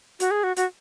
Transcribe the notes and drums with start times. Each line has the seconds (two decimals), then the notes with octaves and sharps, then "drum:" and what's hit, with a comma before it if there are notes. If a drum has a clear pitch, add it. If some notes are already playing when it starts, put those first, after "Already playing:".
0.20 F#4, drum: hi-hat
0.31 G#4
0.44 F#4
0.56 F#4, drum: hi-hat